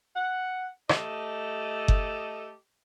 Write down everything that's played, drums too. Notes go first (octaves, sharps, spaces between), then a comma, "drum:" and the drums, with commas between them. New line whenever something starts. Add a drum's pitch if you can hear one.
F#5
A3 G4 A4 D#5, drum: rim click
drum: kick F#1